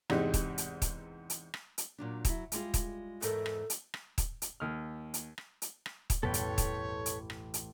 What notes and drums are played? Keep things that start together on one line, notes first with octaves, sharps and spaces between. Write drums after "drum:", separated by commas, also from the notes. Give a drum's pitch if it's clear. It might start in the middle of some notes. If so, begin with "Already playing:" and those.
E2 G#2 C3 D#4, drum: rim click
drum: kick D#1, hi-hat
drum: hi-hat
drum: kick D#1, hi-hat
drum: hi-hat
drum: rim click
drum: hi-hat
A#2 F#3 D4
F#3 E4, drum: kick D#1, hi-hat
G3 G#3 F4, drum: hi-hat
drum: kick D#1, hi-hat
E2 G#2 A4 A#4, drum: hi-hat
drum: rim click
drum: hi-hat
drum: rim click
drum: kick D#1, hi-hat
drum: hi-hat
D#2 F6
drum: hi-hat
drum: rim click
drum: hi-hat
drum: rim click
drum: kick D#1, hi-hat
A1 E2 G2 B2 A4 B4 C#5 G5
drum: hi-hat
drum: kick D#1, hi-hat
drum: hi-hat
drum: rim click
drum: hi-hat